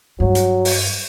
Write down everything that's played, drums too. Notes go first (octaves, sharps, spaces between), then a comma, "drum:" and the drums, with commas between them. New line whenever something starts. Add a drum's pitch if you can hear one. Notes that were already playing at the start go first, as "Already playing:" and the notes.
G2 F#3
drum: hi-hat
drum: open hi-hat